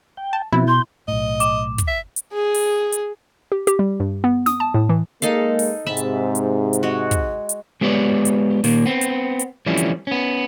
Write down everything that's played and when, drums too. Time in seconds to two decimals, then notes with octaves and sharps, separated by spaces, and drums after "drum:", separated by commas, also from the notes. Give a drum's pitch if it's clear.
0.17 G5
0.33 A5
0.53 B2 F3 B3 C4 E4
0.68 C6 G6
1.08 B1 A2 D#5
1.40 D6 E7, drum: hi-hat
1.78 drum: kick, hi-hat
1.88 E5
2.16 drum: hi-hat
2.33 G#4
2.54 drum: open hi-hat
2.92 drum: hi-hat
3.52 G4
3.67 G4, drum: hi-hat
3.79 G3
4.00 G2
4.24 B3
4.46 D#6, drum: snare
4.60 A5
4.74 A2
4.89 E3
5.22 G#3 A#3 D#4 A4 F5, drum: hi-hat
5.59 drum: open hi-hat
5.86 G#2 C3 E5 A5 B5
5.97 drum: hi-hat
6.35 drum: hi-hat
6.73 drum: hi-hat
6.83 G#3 F#4
7.11 drum: kick, hi-hat
7.49 drum: hi-hat
7.81 G#3 B3 G4 B4 C#5 D5
8.25 drum: hi-hat
8.64 A#2 D#3 A#3, drum: open hi-hat
8.86 B3 C4
9.01 drum: hi-hat
9.39 drum: hi-hat
9.66 E3 F3 G3 A3 C4 C#4
9.78 drum: hi-hat
10.07 B3 C#4